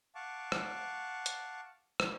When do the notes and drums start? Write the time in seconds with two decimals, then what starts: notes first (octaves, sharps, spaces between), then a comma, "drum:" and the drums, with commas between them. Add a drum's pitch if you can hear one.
0.15 F5 F#5 A5 C#6 D6
0.52 drum: rim click
1.26 drum: hi-hat
2.00 drum: rim click